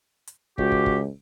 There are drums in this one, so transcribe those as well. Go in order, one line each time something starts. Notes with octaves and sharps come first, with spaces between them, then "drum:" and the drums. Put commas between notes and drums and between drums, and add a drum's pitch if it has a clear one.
drum: hi-hat
C#2 F#4 G4, drum: kick
drum: kick
drum: kick